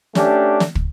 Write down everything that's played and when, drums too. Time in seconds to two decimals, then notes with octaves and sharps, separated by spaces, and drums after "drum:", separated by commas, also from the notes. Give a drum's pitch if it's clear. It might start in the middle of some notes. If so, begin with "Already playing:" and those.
0.15 A3 C#4 D4 G4, drum: snare
0.60 drum: snare
0.75 drum: kick